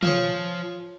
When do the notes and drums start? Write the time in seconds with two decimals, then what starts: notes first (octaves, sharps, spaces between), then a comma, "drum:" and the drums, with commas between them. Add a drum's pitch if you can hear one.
0.03 F3 F4 G#4 C#5, drum: tom